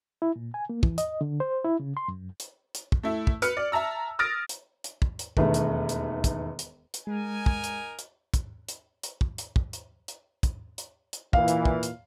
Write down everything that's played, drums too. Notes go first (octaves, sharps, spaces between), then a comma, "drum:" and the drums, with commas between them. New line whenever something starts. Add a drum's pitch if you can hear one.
E4
A#2
G#5
A#3
E3, drum: kick
D#5, drum: hi-hat
D3
C5
E4
C#3
C6
F#2
drum: hi-hat
drum: hi-hat
drum: kick
A3 E4
drum: kick
B4 F6 C#7, drum: hi-hat
D5
E5 A5 A#5 E6
D#6 F6 A6 A#6 D7
drum: hi-hat
drum: hi-hat
drum: kick
drum: hi-hat
E1 D#2 A3 B4, drum: kick
drum: hi-hat
drum: hi-hat
drum: kick, hi-hat
drum: hi-hat
drum: hi-hat
G#3 D#4 A#4 G#5
drum: kick
drum: hi-hat
drum: hi-hat
drum: kick, hi-hat
drum: hi-hat
drum: hi-hat
drum: kick
drum: hi-hat
drum: kick
drum: hi-hat
drum: hi-hat
drum: kick, hi-hat
drum: hi-hat
drum: hi-hat
A#2 E3 F5, drum: kick
drum: hi-hat
drum: kick
drum: hi-hat